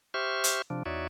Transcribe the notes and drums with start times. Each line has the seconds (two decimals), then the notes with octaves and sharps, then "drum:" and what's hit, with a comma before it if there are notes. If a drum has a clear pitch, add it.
0.14 G4 C5 E5 C#6 F6
0.44 drum: hi-hat
0.70 C3 F3 D4
0.86 E2 D#4 F#4 C#5 D5 E5